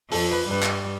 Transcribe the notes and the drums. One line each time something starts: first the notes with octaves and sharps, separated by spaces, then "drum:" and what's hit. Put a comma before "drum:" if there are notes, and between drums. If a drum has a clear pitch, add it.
F2 F3 A4, drum: open hi-hat
B4
G2 G3 B4
drum: clap